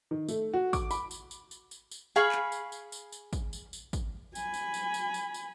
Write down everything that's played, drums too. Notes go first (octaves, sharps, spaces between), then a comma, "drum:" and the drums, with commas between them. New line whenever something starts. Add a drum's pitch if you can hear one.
D#3
A3, drum: tambourine
F#4
D6, drum: kick, tambourine
B5, drum: tambourine
drum: tambourine
drum: tambourine
drum: tambourine
drum: tambourine
drum: tambourine
G#4 F5 B5 C#6
drum: clap
drum: tambourine
drum: tambourine
drum: tambourine
drum: tambourine
drum: kick, tambourine
drum: tambourine
drum: tambourine
drum: kick, tambourine
G#5 B5, drum: tambourine
drum: tambourine
drum: tambourine
drum: tambourine
drum: tambourine
drum: tambourine